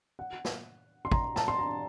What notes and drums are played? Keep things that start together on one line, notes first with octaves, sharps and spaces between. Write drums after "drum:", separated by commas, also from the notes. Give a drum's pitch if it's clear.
F#5
drum: snare
C6
A#5, drum: kick
A5, drum: snare
C6
A#5